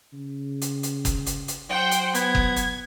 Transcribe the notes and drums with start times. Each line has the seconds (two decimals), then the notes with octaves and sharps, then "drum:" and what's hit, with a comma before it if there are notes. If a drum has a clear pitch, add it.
0.13 C#3
0.61 drum: hi-hat
0.83 drum: hi-hat
1.05 drum: kick F#1, hi-hat
1.26 drum: hi-hat
1.48 drum: hi-hat
1.70 F#3 C5 F#5 G5
1.91 drum: hi-hat
2.14 B3 G#6, drum: hi-hat
2.35 drum: kick F#1
2.56 drum: hi-hat